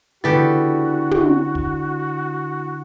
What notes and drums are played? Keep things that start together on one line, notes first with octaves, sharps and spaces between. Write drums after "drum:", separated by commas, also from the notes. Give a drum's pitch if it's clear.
D3 B3 E4 F#4 G4 A4 A6
drum: tom
drum: kick